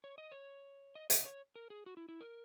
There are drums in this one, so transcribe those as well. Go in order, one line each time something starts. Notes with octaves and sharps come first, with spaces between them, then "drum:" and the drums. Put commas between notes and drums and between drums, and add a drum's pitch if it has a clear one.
C#5
D#5
C#5
D#5
D#5, drum: hi-hat
C#5
A#4
G#4
F#4
E4
E4
A#4